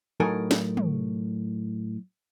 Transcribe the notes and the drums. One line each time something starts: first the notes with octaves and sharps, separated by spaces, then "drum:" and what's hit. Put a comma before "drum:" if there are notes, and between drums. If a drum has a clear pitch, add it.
A2 F#3 D#4 A4 A#4 G#5
drum: snare
drum: tom